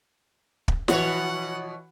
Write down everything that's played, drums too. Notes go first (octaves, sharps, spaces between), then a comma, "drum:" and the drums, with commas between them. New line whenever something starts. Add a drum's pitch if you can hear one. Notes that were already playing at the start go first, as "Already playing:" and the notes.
drum: kick
B2 E3 F3 F#4 C#5 F#5, drum: snare